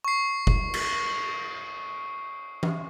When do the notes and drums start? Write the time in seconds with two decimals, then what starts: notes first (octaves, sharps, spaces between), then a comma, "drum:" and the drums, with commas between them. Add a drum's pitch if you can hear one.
0.04 C#6 C7
0.47 drum: kick F1
0.74 drum: cymbal
2.63 drum: tom E3